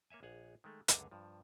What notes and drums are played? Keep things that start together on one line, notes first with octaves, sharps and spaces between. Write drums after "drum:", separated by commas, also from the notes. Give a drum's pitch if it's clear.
A#3 C#5 E5 G#5
A#1 G#4 C#5 F#5
D#3 G#3 A3
C#2 F#2 D3 G#4 C#5, drum: hi-hat
G2 F3